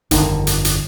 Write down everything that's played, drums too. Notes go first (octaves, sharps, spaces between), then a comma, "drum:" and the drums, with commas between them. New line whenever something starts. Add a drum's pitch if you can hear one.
G1 F2 D3 D#3, drum: hi-hat
drum: hi-hat
drum: hi-hat